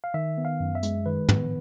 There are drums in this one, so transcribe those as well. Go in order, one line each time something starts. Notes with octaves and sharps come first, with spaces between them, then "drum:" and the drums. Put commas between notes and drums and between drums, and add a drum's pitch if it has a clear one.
F5
D#3 E5
B3
F5
F#2
E5
G#3, drum: hi-hat
D#3 B4
B3, drum: tom